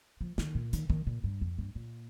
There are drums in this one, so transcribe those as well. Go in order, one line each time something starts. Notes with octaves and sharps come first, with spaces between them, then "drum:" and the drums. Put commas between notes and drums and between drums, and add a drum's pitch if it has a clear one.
F3
D#3, drum: snare
A#2
D#3, drum: hi-hat
D#3, drum: kick
A#2
G2
F2
G2
A#2